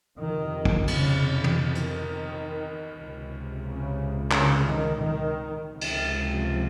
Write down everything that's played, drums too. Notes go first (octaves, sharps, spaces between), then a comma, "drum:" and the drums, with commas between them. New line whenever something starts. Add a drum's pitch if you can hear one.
F2 C3 D#3
drum: kick
C#3, drum: cymbal
drum: tom
D#3
drum: hi-hat
C#2 C3
C#3
C#3, drum: clap
D#3
D#3
C#2 C3 F3
drum: cymbal